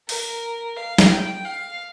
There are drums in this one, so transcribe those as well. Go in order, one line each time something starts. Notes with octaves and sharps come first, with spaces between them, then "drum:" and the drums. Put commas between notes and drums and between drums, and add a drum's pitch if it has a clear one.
A#4, drum: open hi-hat
F5
drum: snare
G5
F5